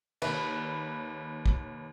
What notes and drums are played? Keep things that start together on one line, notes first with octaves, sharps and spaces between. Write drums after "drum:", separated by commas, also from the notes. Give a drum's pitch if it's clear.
D#2 B4, drum: cymbal
drum: kick